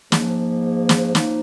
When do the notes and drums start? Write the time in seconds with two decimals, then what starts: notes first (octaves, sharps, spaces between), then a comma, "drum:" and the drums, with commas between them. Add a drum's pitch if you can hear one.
0.12 G#2 F3 A#3, drum: snare
0.89 drum: snare
1.15 F3 A#3 D#4, drum: snare